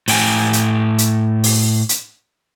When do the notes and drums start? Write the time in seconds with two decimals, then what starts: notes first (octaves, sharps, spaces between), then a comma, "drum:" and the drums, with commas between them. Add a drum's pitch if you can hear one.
0.08 A2 G5 G#5, drum: open hi-hat
0.53 drum: hi-hat
0.98 drum: hi-hat
1.44 drum: open hi-hat
1.89 drum: hi-hat